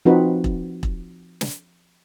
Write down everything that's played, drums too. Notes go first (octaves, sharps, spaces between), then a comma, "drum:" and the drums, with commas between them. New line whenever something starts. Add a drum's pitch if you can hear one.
F3 C4 D#4 F#4 B4
drum: kick E1
drum: kick E1
drum: snare